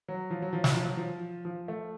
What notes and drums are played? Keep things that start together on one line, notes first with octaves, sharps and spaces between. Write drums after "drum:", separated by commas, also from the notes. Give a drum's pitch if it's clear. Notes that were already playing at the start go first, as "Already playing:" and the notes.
F#3
F3
F#3
F3
F#3, drum: snare
F3
F#3
F3
F3
A3